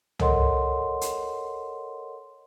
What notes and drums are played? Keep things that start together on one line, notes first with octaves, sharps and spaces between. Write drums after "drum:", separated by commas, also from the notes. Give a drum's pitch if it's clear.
A4 A#4 C#5 D#5 F#5 C6, drum: tom
drum: hi-hat